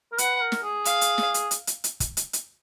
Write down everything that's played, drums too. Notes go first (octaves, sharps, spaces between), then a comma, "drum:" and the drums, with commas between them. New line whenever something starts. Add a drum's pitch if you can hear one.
A#4
B4 F#5, drum: hi-hat
A#4
drum: snare
G#4
F5, drum: hi-hat
drum: hi-hat
drum: snare
drum: hi-hat
drum: hi-hat
drum: hi-hat
drum: hi-hat
drum: kick, hi-hat
drum: hi-hat
drum: hi-hat